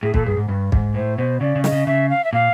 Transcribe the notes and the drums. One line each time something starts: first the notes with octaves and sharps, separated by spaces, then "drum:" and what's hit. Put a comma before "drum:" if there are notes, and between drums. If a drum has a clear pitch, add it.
A2 G#4
A#2 A4, drum: kick
G2 G#4
G#2
G2
G#2, drum: kick
A2 C5
B2 C5
C#3 D5
C#3
D#5, drum: snare
C#3
C#3 E5
F5
E5
A#2 F5